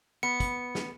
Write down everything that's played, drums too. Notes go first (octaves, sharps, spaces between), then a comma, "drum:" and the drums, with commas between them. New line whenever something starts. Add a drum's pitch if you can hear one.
B3 C#7
drum: kick, hi-hat
drum: snare